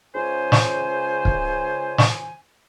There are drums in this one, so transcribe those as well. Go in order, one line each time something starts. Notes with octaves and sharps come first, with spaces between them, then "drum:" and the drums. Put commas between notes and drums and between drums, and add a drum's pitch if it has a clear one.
C#2 C#3 C5 G#5
drum: snare
drum: kick
drum: snare